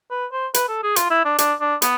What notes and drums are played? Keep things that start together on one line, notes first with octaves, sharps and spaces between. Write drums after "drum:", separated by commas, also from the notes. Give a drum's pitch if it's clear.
B4
C5
B4, drum: hi-hat
A4
G#4
F4, drum: hi-hat
E4
D4
D4, drum: hi-hat
D4
B3, drum: hi-hat